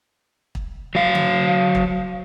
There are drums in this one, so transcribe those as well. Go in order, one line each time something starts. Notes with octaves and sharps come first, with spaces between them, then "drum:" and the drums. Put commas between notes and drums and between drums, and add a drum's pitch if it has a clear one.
drum: kick
F#3 F5
drum: tom C#3
drum: kick